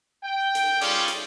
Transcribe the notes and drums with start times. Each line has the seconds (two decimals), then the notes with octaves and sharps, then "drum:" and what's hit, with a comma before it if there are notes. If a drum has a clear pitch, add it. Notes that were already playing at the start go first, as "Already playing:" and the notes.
0.24 G5
0.55 drum: hi-hat
0.82 G3 C#4 F4 G#4 A4 D5, drum: hi-hat
1.08 drum: hi-hat